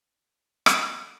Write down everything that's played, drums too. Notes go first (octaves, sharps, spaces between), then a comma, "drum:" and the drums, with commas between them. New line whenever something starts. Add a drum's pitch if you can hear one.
D5
drum: rim click